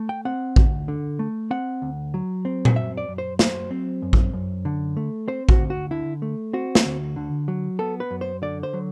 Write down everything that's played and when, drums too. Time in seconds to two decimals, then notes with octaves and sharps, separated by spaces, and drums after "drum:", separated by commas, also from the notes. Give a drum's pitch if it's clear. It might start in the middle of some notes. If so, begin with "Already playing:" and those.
Already playing: A3
0.09 G5
0.25 C4 F#5
0.56 D2, drum: kick A1
0.88 D3
1.19 A3
1.51 C4 F#5
1.82 D2
2.14 F#3
2.45 C4
2.65 drum: tom A#2
2.76 F#2 E5
2.97 D5
3.08 F#2
3.18 C5
3.39 F#3 C5, drum: snare
3.71 C4
4.02 F#2
4.13 drum: kick A1
4.34 F#2
4.65 D3
4.97 A3
5.28 C4 C5
5.49 F#4, drum: kick A1
5.59 D2
5.70 F#4
5.91 D3 E4
6.22 A3
6.53 C4 F#4
6.75 drum: snare
6.85 D2
7.16 D3
7.48 F#3
7.79 B3 A4
8.00 B4
8.11 F#2
8.21 C5
8.42 D3 D5
8.63 C5
8.73 F#3